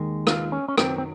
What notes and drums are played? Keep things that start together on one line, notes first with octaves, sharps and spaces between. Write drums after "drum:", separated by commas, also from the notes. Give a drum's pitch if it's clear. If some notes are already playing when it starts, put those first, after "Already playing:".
Already playing: D#2 D#3 G#3
F4, drum: rim click
C#4
C#4
F#2 D#3 F#3 C4, drum: rim click
C4